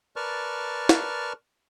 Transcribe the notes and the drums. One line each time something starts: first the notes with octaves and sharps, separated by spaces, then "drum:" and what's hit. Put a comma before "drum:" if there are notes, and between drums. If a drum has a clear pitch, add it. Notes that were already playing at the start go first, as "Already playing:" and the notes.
A#4 B4 D5 A5 C#6 F6
drum: snare